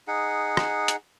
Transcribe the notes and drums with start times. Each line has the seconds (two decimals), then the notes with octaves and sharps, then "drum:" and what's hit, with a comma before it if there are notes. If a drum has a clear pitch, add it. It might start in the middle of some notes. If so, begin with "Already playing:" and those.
0.08 D#4 G#4 F#5
0.57 drum: rim click
0.88 drum: hi-hat